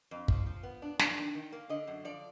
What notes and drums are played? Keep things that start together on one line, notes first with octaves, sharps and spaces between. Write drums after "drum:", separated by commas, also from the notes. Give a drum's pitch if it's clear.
F2
F3, drum: kick
F3
B3
D4
D4, drum: snare
D#3
D#3
A#3
D3 D#5
F#2
F3 D5